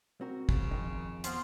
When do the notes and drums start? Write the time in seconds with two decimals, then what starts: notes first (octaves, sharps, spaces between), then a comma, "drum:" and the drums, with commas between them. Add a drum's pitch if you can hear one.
0.21 C4 F#4 A#4
0.49 C#3, drum: kick
0.71 F2 D#3 D#4
1.24 F3 B3 C4 F4, drum: hi-hat